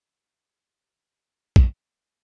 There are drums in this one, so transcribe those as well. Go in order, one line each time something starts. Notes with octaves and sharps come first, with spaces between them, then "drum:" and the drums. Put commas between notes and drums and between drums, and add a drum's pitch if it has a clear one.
A#3 G4
drum: kick